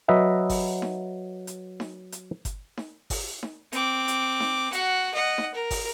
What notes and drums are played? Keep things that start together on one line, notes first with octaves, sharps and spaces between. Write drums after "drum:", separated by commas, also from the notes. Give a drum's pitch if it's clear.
F#3 B4 D#5 E5
drum: kick G1, open hi-hat
drum: snare D#4
drum: hi-hat
drum: snare D#4
drum: hi-hat
drum: kick G1, hi-hat
drum: snare D#4
drum: kick G1, open hi-hat
drum: snare D#4
C4 D6, drum: hi-hat
drum: hi-hat
drum: snare D#4
F#4 F#5, drum: hi-hat
D#5 F#5
drum: snare D#4
A#4
drum: kick G1, open hi-hat